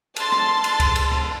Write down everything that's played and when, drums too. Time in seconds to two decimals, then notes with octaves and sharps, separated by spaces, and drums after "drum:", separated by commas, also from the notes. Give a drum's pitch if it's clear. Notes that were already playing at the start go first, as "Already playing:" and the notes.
0.16 A5 C6 A6, drum: cymbal
0.32 drum: rim click
0.64 drum: cymbal
0.80 drum: kick C#2, cymbal
0.96 drum: cymbal
1.11 drum: rim click